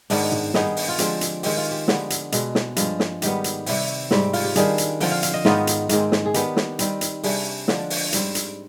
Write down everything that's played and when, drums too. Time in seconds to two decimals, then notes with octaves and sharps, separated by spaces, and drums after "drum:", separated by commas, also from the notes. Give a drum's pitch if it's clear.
0.10 G#2 D#3 B3 D4, drum: open hi-hat
0.32 drum: tom
0.54 G2 D#3 B3 D#4 G#4, drum: snare
0.77 drum: open hi-hat
0.88 F4
0.98 D3 F3 G#3 C4 G4, drum: hi-hat
1.21 drum: hi-hat
1.43 D#3 G#3 C4 G4, drum: open hi-hat
1.57 F4
1.71 G4
1.88 D3 F3 G#3 B3, drum: snare
2.10 drum: hi-hat
2.32 B2 G#3 D4, drum: hi-hat
2.55 drum: snare
2.76 G2 F3 G#3, drum: hi-hat
3.00 drum: snare
3.22 G#2 D#3 G3 B3 G4, drum: hi-hat
3.44 drum: hi-hat
3.66 C3 G3 C4, drum: open hi-hat
4.11 G#2 G3 C4, drum: snare
4.33 F4, drum: open hi-hat
4.44 G4
4.56 D#3 G3 D4 G#4, drum: hi-hat
4.78 drum: hi-hat
5.00 D3 F3 C4 G5, drum: open hi-hat
5.11 F5
5.23 F5, drum: hi-hat
5.34 D#5
5.45 G#2 D#3 B3 D#4 F4, drum: snare
5.67 drum: hi-hat
5.89 G#2 D#3 G#3 C4, drum: hi-hat
6.12 drum: snare
6.25 G#4
6.34 D#3 B3 D4 G4, drum: hi-hat
6.56 drum: snare
6.79 D#3 G3 C4, drum: hi-hat
7.01 drum: hi-hat
7.23 C3 G3 D4 G#4, drum: open hi-hat
7.68 D3 F3 G#3 D4, drum: snare
7.90 drum: open hi-hat
8.13 G#2 G3 C4, drum: hi-hat
8.35 drum: hi-hat